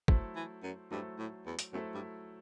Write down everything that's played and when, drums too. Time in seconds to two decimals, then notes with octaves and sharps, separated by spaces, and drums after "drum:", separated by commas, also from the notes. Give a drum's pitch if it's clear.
0.08 F#3 A3 E4 A4 C5, drum: kick
0.35 E3
0.63 F#2
0.91 G2 F#3 A3 E4 A4 C5
1.18 A2
1.46 E2
1.59 drum: hi-hat
1.73 F#2 F#3 A3 E4 A4 C5
1.94 G2